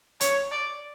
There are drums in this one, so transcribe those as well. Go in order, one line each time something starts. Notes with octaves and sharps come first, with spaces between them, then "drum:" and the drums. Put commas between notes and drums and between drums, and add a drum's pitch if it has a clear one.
C#5, drum: hi-hat
D5